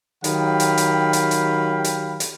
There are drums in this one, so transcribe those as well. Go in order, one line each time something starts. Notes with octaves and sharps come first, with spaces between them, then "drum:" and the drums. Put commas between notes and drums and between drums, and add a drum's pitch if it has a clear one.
D#3 F#3 G4 F5 G5 B5, drum: hi-hat
drum: hi-hat
drum: hi-hat
drum: hi-hat
drum: hi-hat
drum: hi-hat
drum: hi-hat